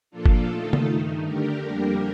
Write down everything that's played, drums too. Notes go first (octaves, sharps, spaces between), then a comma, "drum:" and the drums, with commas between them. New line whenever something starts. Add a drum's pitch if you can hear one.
A#2 F3 A#3 D4 F4 A4
drum: kick G1
D#3 A3 D#4
drum: tom C#3
G2 D#3 A3 D#4
D3 A3 D4 G4 A#4
F2 D3 G3 A#3 D4